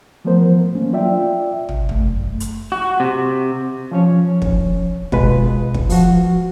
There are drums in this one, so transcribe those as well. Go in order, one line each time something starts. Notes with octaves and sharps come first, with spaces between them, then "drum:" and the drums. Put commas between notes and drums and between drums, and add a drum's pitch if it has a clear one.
E3 F3 A3 B3 A#4 C5
F#3 A#3 C#4 D4
F4 D5 E5 G5
drum: tom
F#2 A3, drum: tom
drum: hi-hat
F#4
C3
F3 C#4 C#5
drum: kick
B2 G#3 F4 B4, drum: kick
drum: kick
F3 F#4, drum: open hi-hat